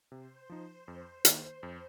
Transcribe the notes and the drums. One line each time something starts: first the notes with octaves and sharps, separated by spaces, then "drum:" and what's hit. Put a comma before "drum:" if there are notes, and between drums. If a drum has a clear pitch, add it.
C3 C5
F3 D#4
F2
D#3 A#3, drum: hi-hat
F2